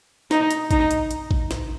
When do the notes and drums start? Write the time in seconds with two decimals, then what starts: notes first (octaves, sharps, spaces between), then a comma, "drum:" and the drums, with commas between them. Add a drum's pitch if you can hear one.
0.31 D#4, drum: snare
0.51 drum: hi-hat
0.71 D#4, drum: kick A1, hi-hat
0.91 drum: hi-hat
1.11 drum: hi-hat
1.31 drum: kick A1
1.51 drum: snare